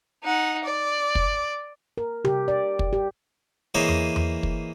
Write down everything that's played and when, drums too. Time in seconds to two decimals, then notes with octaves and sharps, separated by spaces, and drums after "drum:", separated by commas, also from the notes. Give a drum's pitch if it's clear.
0.24 D#4 F#5
0.64 D5
1.15 drum: kick
1.98 A#4
2.25 G4, drum: tom C3
2.48 D5
2.79 drum: kick
2.93 G4
3.75 E3 A#3 G#4 C5 C#5 D#5
3.89 drum: tom E2
4.16 drum: tom E2
4.43 drum: kick